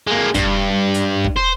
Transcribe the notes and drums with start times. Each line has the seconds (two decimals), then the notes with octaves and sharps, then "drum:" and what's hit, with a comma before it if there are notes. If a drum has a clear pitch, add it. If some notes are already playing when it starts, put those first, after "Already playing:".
0.07 G#3 A#3
0.34 G2, drum: kick, hi-hat
0.94 drum: hi-hat
1.24 drum: kick
1.37 C5